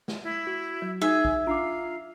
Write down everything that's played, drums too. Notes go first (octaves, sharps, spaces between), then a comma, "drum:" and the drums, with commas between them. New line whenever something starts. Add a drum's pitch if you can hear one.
drum: snare
E4
F#4
F#3
D#4 G#4 E5
drum: kick A#1
D4 F4 F5 A#5 D6